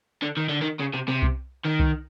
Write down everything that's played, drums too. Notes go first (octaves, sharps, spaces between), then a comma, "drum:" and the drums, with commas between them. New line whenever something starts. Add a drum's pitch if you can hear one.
D3
D#3
D3
D#3
C#3
C3
C3
drum: kick C2
D#3
drum: kick C2